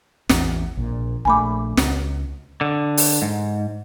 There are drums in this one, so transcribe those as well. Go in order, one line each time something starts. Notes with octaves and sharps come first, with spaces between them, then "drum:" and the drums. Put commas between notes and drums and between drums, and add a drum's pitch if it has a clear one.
A1 E2, drum: snare
A#1 A#2
A#1 C3 A3 G#5 B5 D6
C#2, drum: snare
D3
drum: open hi-hat
G#2